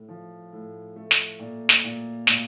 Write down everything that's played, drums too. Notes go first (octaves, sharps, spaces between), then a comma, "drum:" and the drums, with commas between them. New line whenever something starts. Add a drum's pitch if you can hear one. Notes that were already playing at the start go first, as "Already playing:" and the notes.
Already playing: A2
F3
A2
A3
drum: snare
A#2
drum: snare
A#2
A#2, drum: snare